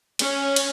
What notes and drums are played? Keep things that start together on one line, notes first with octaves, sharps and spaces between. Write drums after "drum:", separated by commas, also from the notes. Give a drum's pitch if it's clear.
C#4, drum: cymbal
drum: cymbal